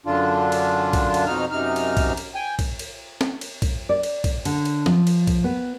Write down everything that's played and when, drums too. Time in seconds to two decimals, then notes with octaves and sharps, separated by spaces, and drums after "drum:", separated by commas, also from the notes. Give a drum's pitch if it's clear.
0.06 F#2 D3 D4 F4
0.52 drum: cymbal
0.93 drum: kick, cymbal
1.14 drum: cymbal
1.26 F2 B2 D#4 F6
1.51 F#2 C3 D#4 F6
1.76 drum: cymbal
1.97 drum: kick, cymbal
2.17 drum: cymbal
2.35 G5 G#5
2.59 drum: kick, cymbal
2.79 drum: cymbal
3.21 drum: snare
3.41 drum: cymbal
3.62 drum: kick, cymbal
3.89 D5
4.03 drum: cymbal
4.24 drum: kick, cymbal
4.45 D3, drum: cymbal
4.65 drum: cymbal
4.86 F3, drum: snare
5.07 drum: cymbal
5.27 drum: kick, cymbal
5.44 B3